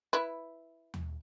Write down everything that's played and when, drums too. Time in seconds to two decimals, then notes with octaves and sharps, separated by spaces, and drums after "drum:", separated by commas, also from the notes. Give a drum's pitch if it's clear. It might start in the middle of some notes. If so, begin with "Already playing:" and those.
0.13 E4 B4
0.94 drum: tom D#2